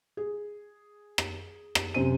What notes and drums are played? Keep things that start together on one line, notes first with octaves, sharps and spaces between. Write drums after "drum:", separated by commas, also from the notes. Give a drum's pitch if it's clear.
G#4
drum: rim click
drum: rim click
F#2 C3 C5 G#5 D#7